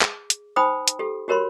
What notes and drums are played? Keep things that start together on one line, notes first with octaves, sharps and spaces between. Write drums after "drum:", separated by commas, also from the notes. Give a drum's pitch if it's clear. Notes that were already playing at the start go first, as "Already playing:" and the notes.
G#4, drum: clap
drum: hi-hat
D#4 C5 G5 B5 D#6
drum: hi-hat
G4 A4
F#4 G4 A#4 C#5 B5 C6